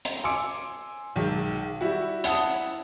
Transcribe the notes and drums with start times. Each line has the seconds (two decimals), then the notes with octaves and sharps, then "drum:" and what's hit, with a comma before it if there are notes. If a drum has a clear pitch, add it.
0.05 drum: hi-hat
0.24 G#5 C6 D6 E6 C#7 D7
1.16 B1 D#3 G#3
1.81 G3 E4 F#4
2.24 E4 F#5 A5 D#6, drum: hi-hat